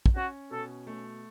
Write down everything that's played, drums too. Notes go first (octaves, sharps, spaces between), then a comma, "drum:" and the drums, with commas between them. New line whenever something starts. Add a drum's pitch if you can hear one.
drum: kick
C#4 F#4
B2 A4
A3